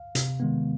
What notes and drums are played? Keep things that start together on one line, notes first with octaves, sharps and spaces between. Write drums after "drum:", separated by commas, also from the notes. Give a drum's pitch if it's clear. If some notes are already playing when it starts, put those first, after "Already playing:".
Already playing: F5
C3, drum: hi-hat
D#3 G#3 B3